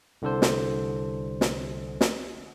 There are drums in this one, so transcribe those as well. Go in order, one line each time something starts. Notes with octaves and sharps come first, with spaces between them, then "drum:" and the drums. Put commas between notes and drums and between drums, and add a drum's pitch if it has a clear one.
C2 D3 A4 C5
drum: snare
drum: snare
drum: snare